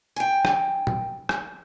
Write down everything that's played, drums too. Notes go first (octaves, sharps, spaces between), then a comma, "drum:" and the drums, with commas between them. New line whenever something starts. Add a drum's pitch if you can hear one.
G5 G#5
drum: rim click
drum: tom A#2
drum: rim click